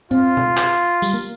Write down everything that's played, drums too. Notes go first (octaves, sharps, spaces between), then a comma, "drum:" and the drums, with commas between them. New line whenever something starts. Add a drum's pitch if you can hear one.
C4 F4, drum: tom G#2
drum: tom B2
drum: clap
G3, drum: tambourine
A#3